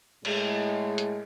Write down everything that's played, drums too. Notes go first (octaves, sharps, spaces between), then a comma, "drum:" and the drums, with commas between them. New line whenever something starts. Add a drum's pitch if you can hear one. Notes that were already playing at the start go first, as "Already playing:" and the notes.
A2 G#3, drum: cymbal
drum: hi-hat